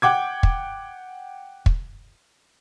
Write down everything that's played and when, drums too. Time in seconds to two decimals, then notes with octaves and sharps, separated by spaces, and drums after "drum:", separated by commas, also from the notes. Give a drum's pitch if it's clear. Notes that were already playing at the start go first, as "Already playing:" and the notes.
0.02 F#5 G5 D6 G#6
0.43 drum: kick
1.66 drum: kick